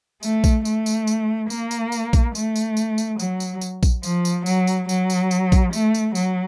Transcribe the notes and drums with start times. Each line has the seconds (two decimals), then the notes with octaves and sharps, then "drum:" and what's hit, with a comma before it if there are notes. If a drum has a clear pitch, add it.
0.23 A3, drum: tambourine
0.44 drum: kick A#1, tambourine
0.65 A3, drum: tambourine
0.86 drum: tambourine
1.07 drum: tambourine
1.50 A#3, drum: tambourine
1.71 drum: tambourine
1.92 drum: tambourine
2.13 drum: kick A#1, tambourine
2.35 A3, drum: tambourine
2.56 drum: tambourine
2.77 drum: tambourine
2.98 drum: tambourine
3.19 F#3, drum: tambourine
3.40 drum: tambourine
3.61 drum: tambourine
3.83 drum: kick A#1, tambourine
4.03 F3, drum: tambourine
4.25 drum: tambourine
4.46 F#3, drum: tambourine
4.67 drum: tambourine
4.89 F#3, drum: tambourine
5.10 drum: tambourine
5.31 drum: tambourine
5.52 drum: kick A#1, tambourine
5.73 A3, drum: tambourine
5.94 drum: tambourine
6.15 F#3, drum: tambourine